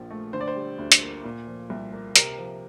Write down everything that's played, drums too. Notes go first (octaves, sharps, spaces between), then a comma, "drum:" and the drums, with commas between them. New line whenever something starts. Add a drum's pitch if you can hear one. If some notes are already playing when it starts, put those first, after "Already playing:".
Already playing: A#1 A#2 F3
A3
D3 C5
D5
C5
G3
D2
drum: hi-hat
A#3
A#2
F3
C2
A#3
C3 A#4, drum: hi-hat
F3